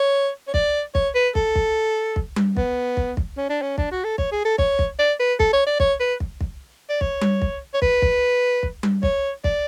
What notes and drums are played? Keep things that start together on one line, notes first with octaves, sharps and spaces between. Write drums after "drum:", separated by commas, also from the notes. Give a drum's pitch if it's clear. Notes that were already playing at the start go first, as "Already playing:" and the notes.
Already playing: C#5
C#5
D5, drum: kick
C#5, drum: kick
B4
A4, drum: kick
drum: kick
drum: kick
drum: tom G3
B3, drum: kick
drum: kick
drum: kick
C#4
D4
C#4
D4, drum: kick
F#4
A4
C#5, drum: kick
G#4
A4
C#5, drum: kick
drum: kick
D5
B4
A4, drum: kick
C#5
D5
C#5, drum: kick
B4
drum: kick
drum: kick
D5
C#5, drum: kick
drum: tom G3
drum: kick
C#5
B4, drum: kick
drum: kick
drum: kick
drum: tom G3
C#5, drum: kick
D5, drum: kick